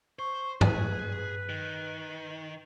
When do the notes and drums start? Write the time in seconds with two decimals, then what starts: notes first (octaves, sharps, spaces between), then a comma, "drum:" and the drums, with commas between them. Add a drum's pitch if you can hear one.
0.19 C5 C#6
0.61 G#4 B4, drum: tom G2
1.49 D#3